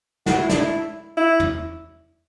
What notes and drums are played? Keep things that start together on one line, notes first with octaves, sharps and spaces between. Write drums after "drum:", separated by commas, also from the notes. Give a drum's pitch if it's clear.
F#4, drum: snare
E4
D4, drum: snare
E4
E4
drum: tom